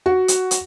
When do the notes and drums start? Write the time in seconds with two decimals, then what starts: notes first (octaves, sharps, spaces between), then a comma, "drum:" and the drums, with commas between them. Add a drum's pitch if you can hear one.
0.06 F#4
0.28 drum: hi-hat
0.51 drum: hi-hat